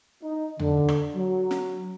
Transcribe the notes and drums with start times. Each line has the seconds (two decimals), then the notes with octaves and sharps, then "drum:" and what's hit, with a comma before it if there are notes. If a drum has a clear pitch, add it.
0.23 D#4
0.59 D3, drum: tom E2
0.88 drum: rim click
1.17 F#3
1.51 drum: snare